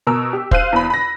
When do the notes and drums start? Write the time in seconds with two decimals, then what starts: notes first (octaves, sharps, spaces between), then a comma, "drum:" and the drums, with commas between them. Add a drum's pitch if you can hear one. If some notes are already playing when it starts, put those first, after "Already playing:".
0.07 B2 A#4 E6
0.33 G4
0.51 C5 F5 F#6 D#7, drum: kick
0.73 E2 B5
0.90 B5 A#6